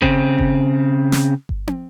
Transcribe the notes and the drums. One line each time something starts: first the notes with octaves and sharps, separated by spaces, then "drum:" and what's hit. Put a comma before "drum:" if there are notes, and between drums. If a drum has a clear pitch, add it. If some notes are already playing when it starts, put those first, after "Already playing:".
C#3 C4, drum: kick G1
drum: kick G1
drum: snare
drum: kick G1
drum: tom